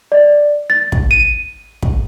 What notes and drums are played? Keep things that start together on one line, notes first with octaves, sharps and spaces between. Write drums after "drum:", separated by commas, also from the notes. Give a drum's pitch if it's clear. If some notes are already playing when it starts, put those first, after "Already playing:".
D5
A6
drum: kick
D#7
drum: kick